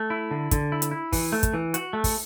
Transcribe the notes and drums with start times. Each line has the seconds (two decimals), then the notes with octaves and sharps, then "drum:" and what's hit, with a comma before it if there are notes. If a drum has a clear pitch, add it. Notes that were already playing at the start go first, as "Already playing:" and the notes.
Already playing: A3
0.10 E4
0.31 D3
0.51 D3, drum: kick, hi-hat
0.72 E4
0.82 drum: hi-hat
0.91 E4
1.12 E3, drum: kick, open hi-hat
1.32 A3
1.43 drum: kick, hi-hat
1.54 E3
1.74 F#4, drum: hi-hat
1.93 A3
2.04 drum: kick, open hi-hat